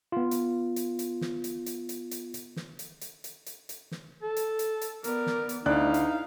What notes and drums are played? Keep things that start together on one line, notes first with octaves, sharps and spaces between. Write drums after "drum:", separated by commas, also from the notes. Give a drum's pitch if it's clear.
B3 F4
drum: hi-hat
drum: hi-hat
drum: hi-hat
drum: snare
drum: hi-hat
drum: hi-hat
drum: hi-hat
drum: hi-hat
drum: hi-hat
drum: snare
drum: hi-hat
drum: hi-hat
drum: hi-hat
drum: hi-hat
drum: hi-hat
drum: snare
A4
drum: hi-hat
drum: hi-hat
drum: hi-hat
B3 A#4 D5, drum: hi-hat
drum: snare
drum: hi-hat
D2 D#4 E4 D5 F5 F#6
drum: hi-hat